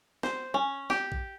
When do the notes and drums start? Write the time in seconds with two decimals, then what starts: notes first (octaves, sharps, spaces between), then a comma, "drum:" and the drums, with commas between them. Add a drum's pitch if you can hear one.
0.23 C5, drum: snare
0.54 C#4
0.90 G4, drum: snare
1.12 drum: kick